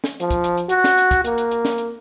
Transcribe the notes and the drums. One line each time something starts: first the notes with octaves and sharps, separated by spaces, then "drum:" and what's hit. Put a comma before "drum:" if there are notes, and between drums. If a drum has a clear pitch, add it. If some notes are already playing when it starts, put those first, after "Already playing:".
drum: snare
F3, drum: hi-hat
drum: kick, hi-hat
drum: hi-hat
drum: hi-hat
F#4, drum: hi-hat
drum: snare
drum: hi-hat
drum: kick, hi-hat
A#3, drum: hi-hat
drum: hi-hat
drum: hi-hat
drum: snare
drum: hi-hat